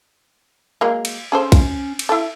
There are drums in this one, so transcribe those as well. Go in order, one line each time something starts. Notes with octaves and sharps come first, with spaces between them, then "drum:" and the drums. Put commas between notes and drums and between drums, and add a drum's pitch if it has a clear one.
F#3 G#3 A#3
drum: cymbal
C#4 G#4 A4 C5
drum: kick B1, cymbal
drum: cymbal
E4 A4